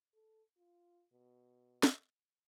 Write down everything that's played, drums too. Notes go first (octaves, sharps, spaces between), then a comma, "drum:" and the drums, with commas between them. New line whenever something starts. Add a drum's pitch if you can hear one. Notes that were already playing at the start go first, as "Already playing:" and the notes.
A4
F4
B2
drum: snare